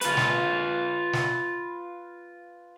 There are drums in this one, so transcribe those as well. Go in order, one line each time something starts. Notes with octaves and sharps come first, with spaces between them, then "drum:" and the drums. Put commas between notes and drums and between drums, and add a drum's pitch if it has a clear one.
F4 B4, drum: hi-hat
drum: snare
drum: snare